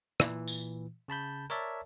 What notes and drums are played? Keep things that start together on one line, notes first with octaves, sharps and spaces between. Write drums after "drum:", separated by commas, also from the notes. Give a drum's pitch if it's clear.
A#2 E3, drum: rim click
drum: tambourine
C#3 A5 B5 G6
A#4 C#5 D5 E5 A5